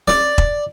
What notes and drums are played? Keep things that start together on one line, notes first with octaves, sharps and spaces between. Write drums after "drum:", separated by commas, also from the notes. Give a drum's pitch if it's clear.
D5, drum: snare
drum: kick E1